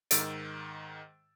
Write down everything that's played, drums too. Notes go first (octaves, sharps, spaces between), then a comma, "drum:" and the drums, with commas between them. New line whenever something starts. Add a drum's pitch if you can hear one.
G#2 D#3 E6 A6 D7, drum: hi-hat